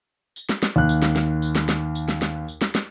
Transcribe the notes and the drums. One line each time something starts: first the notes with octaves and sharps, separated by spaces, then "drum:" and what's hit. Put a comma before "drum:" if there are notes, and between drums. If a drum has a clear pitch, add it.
drum: tambourine
drum: snare
drum: snare
D#2 F#6
drum: tambourine
drum: snare
drum: snare
drum: tambourine
drum: snare
drum: snare
drum: tambourine
drum: snare
drum: snare
drum: tambourine
drum: snare
drum: snare